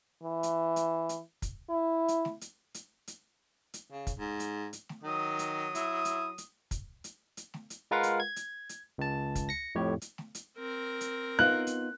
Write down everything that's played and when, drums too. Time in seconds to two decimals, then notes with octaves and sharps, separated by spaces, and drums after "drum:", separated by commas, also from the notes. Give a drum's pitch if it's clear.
0.23 E3
0.43 drum: hi-hat
0.76 drum: hi-hat
1.09 drum: hi-hat
1.42 drum: kick, hi-hat
1.69 E4
2.08 drum: hi-hat
2.25 drum: snare
2.41 drum: hi-hat
2.74 drum: hi-hat
3.07 drum: hi-hat
3.74 drum: hi-hat
3.91 C#3
4.07 drum: kick, hi-hat
4.18 G#2
4.40 drum: hi-hat
4.73 drum: hi-hat
4.89 drum: snare
5.03 D#3 F#3 D#6
5.39 drum: hi-hat
5.75 E4, drum: hi-hat
6.05 drum: hi-hat
6.38 drum: hi-hat
6.71 drum: kick, hi-hat
7.04 drum: hi-hat
7.37 drum: hi-hat
7.54 drum: snare
7.70 drum: hi-hat
7.91 G#3 F4 A#4 B4 F5 F#5
8.03 drum: hi-hat
8.20 G#6
8.36 drum: hi-hat
8.69 drum: hi-hat
8.98 C#2 A5
9.35 drum: kick, hi-hat
9.49 A#6 C#7
9.75 F2 A2 G4 C#5
10.02 drum: hi-hat
10.18 drum: snare
10.35 drum: hi-hat
10.58 C4 A#4
11.01 drum: hi-hat
11.39 B3 D#4 F4 F#6
11.67 drum: hi-hat